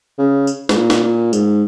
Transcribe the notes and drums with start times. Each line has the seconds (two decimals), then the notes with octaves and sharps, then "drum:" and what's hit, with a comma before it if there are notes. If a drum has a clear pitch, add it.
0.18 C#3
0.47 drum: tambourine
0.69 G#2, drum: snare
0.76 A#2
0.90 drum: snare
1.04 A#2
1.33 G#2, drum: tambourine